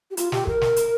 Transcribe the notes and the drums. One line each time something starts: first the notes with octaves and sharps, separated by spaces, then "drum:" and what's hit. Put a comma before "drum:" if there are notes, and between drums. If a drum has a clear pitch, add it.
G4
F4, drum: hi-hat
G4, drum: snare
A#4, drum: kick
drum: snare
drum: hi-hat